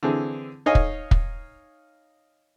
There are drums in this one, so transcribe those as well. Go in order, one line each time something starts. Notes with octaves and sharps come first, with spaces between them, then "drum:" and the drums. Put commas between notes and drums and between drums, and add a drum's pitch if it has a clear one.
D3 E3 C4 G#4
D#4 C#5 D#5 F5 G#5
drum: kick
drum: kick